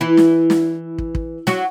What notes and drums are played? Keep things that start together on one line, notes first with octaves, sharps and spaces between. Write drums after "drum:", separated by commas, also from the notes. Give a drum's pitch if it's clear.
E3 E4
drum: snare
drum: snare
drum: kick
drum: kick
F#3 F#4, drum: snare